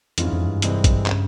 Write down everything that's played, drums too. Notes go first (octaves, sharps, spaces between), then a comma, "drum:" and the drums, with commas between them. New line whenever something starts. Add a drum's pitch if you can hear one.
F2 G#2 E3 G#3 C#4 F4, drum: hi-hat
F2
G2
C2 C3 E3 G#3 C4, drum: hi-hat
drum: kick, hi-hat
C#3, drum: clap